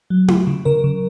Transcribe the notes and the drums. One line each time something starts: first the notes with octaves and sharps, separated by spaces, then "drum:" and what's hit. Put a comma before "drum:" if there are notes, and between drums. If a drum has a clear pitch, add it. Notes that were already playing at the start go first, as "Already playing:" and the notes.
F#3
C#3, drum: tom E4
C#3
C#3 A#4
C#3